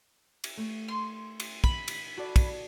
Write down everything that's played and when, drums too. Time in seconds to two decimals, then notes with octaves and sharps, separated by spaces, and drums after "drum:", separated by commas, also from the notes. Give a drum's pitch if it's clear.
0.44 drum: cymbal
0.57 A3
0.88 C6
1.40 drum: cymbal
1.64 B5, drum: kick
1.88 drum: cymbal
2.17 F#4 A4 D5
2.36 drum: kick, cymbal